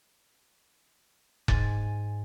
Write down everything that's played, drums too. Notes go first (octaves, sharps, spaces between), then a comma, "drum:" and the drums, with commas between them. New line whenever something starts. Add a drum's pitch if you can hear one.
G#2 G#5 A6, drum: kick F1